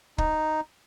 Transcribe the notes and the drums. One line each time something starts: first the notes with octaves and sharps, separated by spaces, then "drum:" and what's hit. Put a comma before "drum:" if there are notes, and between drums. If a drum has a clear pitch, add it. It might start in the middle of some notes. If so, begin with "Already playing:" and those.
D#4, drum: kick